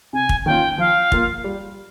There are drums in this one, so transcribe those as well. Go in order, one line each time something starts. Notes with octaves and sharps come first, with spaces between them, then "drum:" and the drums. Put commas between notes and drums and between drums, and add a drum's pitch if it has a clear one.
C3 G#5
drum: kick
D#3 A#3 C#4 F4 G5
F3 F5
A#3 F4, drum: kick
G3